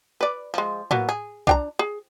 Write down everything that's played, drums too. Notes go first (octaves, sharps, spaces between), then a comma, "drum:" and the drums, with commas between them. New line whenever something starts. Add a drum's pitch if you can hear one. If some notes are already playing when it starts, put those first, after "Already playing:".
B4 D5
F3 G#3
F#3 A#3 B3, drum: tom A2
G#4
D4 G5 A#5, drum: kick C2
G#4